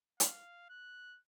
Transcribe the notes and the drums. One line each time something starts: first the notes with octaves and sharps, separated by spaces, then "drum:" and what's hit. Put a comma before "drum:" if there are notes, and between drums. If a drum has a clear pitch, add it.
F5, drum: hi-hat
F#6